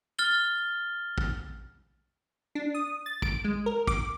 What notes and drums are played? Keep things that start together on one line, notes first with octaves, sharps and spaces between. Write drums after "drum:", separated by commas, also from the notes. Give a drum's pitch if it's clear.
F6 A6 G7
drum: kick
D4
D#6
A6
D7, drum: kick
G#3
A#4
D6, drum: kick